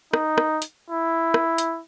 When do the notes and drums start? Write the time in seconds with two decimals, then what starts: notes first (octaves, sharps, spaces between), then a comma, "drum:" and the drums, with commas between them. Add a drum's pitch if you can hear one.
0.13 D#4, drum: rim click
0.38 drum: rim click
0.62 drum: hi-hat
0.90 E4
1.34 drum: rim click
1.58 drum: hi-hat